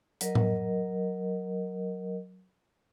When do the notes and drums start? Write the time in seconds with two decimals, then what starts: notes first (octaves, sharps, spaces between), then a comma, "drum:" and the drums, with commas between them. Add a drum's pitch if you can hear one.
0.21 F#3 A#4 D#5, drum: hi-hat
0.35 drum: tom A2